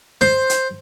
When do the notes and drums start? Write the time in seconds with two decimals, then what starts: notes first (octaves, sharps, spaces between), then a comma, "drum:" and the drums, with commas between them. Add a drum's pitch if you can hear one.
0.21 C5, drum: snare
0.50 drum: hi-hat